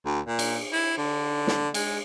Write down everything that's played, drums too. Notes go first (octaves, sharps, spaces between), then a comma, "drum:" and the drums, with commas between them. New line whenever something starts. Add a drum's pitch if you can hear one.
D2
A#2
drum: cymbal
E4
D3
drum: snare
G#3, drum: cymbal